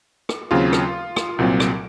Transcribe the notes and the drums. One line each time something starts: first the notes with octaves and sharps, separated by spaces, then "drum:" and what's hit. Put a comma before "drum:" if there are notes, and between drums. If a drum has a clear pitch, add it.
drum: rim click
D#2 C#3 F#3 C4 F4
drum: rim click
drum: rim click
C2 A#2 F#3 C4
drum: rim click